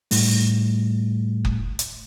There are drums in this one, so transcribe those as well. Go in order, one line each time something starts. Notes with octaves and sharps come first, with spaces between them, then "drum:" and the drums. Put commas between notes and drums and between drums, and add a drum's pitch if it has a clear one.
A2 G3 A3, drum: open hi-hat
drum: kick F#1
drum: hi-hat